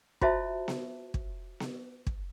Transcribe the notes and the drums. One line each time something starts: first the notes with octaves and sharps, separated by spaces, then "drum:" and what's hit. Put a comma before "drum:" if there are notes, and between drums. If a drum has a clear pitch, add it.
F4 F#4 C5 D#5 E5 A5, drum: kick
drum: snare B3
drum: kick
drum: snare B3
drum: kick